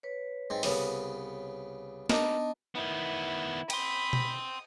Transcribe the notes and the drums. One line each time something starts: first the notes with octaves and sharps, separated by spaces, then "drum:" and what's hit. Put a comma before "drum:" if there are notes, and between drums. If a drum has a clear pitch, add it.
B4 C#5
G#2 C4
C2 C#3 B3, drum: open hi-hat
B3 D4 D#4 D#5 A5, drum: snare
D#3 B3 E4
G5 B5 C6 D#6, drum: cymbal
drum: tom B2